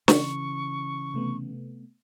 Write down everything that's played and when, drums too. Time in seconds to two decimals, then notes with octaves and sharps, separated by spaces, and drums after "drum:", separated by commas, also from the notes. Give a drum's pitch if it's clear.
0.08 C#3 E3 C#4 C#6, drum: snare
1.14 C3 A3 B3